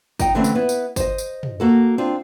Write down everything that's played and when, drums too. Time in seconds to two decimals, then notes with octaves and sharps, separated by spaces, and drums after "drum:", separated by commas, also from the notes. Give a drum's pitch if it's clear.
0.20 D#4 D#5 G5, drum: kick G1, tambourine
0.35 D3 E3 A3 C4 C#4
0.44 drum: tambourine
0.55 B3 E4
0.69 drum: tambourine
0.96 C5 D#5, drum: kick G1, tambourine
1.18 drum: tambourine
1.43 drum: tom
1.60 A#3 F#4 A4
1.98 C4 D4 F4